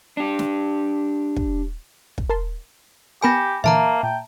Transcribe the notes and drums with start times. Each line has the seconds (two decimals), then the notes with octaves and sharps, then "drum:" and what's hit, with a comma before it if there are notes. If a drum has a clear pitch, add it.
0.17 D4 G4
0.39 drum: snare
1.36 drum: kick
2.18 drum: kick
2.30 A#4 A5 C6
3.23 B3 G4 A#4 G#5 B5 A#6 D7
3.64 A#2 D3 E3 A#3 E5 A5 A#5
4.03 A#2 G5